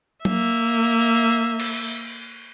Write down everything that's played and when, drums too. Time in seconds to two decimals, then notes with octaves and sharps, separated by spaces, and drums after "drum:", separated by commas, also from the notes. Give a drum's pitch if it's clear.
0.25 A#3 E5, drum: tom F#3
1.60 drum: cymbal